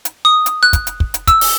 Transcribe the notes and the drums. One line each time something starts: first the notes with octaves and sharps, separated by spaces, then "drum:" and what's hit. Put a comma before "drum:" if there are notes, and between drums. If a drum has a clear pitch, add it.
drum: hi-hat
D#6
drum: hi-hat
F#6
drum: kick, hi-hat
drum: hi-hat
drum: kick
drum: hi-hat
E6, drum: kick, hi-hat
drum: open hi-hat